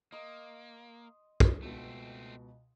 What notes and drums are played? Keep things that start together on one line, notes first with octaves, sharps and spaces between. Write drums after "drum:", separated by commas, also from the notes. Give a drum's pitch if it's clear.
A#3 D#5 C6
drum: kick
C#2 B2 A3 C4